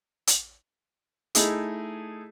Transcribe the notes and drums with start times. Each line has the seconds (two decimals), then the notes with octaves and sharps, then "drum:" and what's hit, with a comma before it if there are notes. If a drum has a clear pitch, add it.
0.27 drum: hi-hat
1.35 A3 D#4 E4 G#4 A4, drum: hi-hat